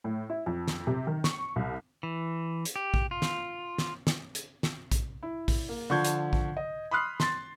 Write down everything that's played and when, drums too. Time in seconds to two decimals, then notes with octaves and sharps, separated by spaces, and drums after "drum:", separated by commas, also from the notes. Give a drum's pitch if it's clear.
0.04 A2
0.30 E4
0.46 F2
0.68 drum: snare
0.87 C3
1.07 D#3
1.24 C#6, drum: snare
1.56 C2
2.03 E3
2.65 drum: hi-hat
2.76 G4
2.94 drum: kick A#1
3.11 F4
3.22 drum: snare
3.78 drum: snare
4.07 drum: snare
4.35 drum: hi-hat
4.63 drum: snare
4.91 drum: kick A#1, hi-hat
5.23 E4
5.48 drum: kick A#1, open hi-hat
5.69 A#3
5.90 D3 F3 C#6 G6 G#6
6.05 drum: hi-hat
6.33 drum: kick A#1
6.57 D#5
6.91 B5 C6 D#6 F6 F#6 C7
7.20 C6 A6, drum: snare